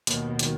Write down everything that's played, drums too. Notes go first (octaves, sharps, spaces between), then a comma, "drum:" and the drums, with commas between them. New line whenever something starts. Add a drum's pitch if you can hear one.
D#2 B2 B3, drum: hi-hat
B2 B3
D#3 F#3, drum: hi-hat